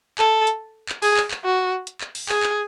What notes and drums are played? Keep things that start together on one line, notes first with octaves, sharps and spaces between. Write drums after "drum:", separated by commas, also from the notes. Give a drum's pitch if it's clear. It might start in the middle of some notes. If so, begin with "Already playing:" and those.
A4, drum: clap
drum: hi-hat
drum: clap
G#4, drum: open hi-hat
drum: clap
drum: clap
F#4
drum: hi-hat
drum: clap
drum: open hi-hat
G#4, drum: clap
drum: clap